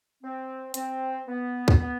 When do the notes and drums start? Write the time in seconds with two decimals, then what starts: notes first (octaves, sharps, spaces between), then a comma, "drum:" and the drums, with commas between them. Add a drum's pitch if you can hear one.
0.23 C4
0.74 C4, drum: hi-hat
1.27 B3
1.68 drum: kick
1.79 B3